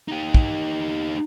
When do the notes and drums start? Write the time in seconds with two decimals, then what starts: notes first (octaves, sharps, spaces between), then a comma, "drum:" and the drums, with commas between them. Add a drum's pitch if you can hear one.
0.08 D#4 G4
0.34 drum: kick